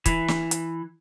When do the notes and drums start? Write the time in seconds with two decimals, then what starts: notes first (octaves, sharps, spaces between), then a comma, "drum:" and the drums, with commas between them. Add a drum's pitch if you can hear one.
0.06 E3, drum: kick, hi-hat
0.28 drum: snare
0.51 drum: hi-hat